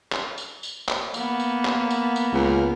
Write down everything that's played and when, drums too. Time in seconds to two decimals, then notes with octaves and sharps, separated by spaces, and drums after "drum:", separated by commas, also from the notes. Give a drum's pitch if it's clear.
0.12 drum: clap
0.38 drum: tambourine
0.63 drum: tambourine
0.89 drum: clap
1.14 A#3 B3, drum: tambourine
1.40 drum: tambourine
1.65 drum: clap
1.90 drum: tambourine
2.16 drum: tambourine
2.33 C#2